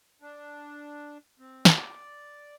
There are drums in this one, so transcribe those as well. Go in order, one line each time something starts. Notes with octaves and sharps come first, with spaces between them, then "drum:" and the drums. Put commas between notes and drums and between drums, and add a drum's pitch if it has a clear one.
D4
C4
D5, drum: snare